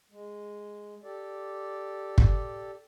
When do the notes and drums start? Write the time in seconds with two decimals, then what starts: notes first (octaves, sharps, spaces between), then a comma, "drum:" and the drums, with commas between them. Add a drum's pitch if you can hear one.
0.11 G#3
1.04 G4 A4 D5
2.18 drum: kick G1